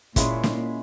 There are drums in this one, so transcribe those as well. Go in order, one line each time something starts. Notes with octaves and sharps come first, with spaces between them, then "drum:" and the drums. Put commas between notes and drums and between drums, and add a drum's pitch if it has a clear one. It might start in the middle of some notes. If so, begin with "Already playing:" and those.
A#2 G#3 C#4 E4 G#4, drum: kick, hi-hat
drum: snare